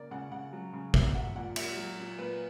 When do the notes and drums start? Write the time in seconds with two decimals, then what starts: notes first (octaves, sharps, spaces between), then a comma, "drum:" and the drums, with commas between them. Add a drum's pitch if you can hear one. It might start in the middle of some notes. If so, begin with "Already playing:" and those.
Already playing: C#3 A#3 D5
0.11 C#3 F#5
0.32 C#3 F#5
0.53 F#3
0.73 C#3
0.94 A#3 E5, drum: kick
1.15 F#3 F#5
1.35 A#2 F#5
1.56 A#2 E5, drum: cymbal
1.77 F#3
1.98 A#2
2.18 A#2 B4